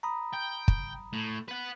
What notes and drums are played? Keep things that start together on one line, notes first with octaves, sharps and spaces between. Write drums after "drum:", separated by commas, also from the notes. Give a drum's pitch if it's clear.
A#5 B5 D#6
G5
drum: kick
A2
B4 F#5